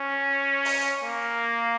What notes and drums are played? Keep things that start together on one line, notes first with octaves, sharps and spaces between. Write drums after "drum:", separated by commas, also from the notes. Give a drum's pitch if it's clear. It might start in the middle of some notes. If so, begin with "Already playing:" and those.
Already playing: C#4
drum: open hi-hat
A#3